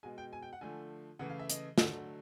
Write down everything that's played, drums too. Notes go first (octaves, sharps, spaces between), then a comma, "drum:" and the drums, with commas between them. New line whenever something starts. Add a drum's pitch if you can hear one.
B2 G#3 G#5
G5
G#5
G5
F#5
D3 F3 A3 G#5
C#3 E3 A3 F#5
F5
E5
D#5, drum: hi-hat
D3 F#3 A3, drum: snare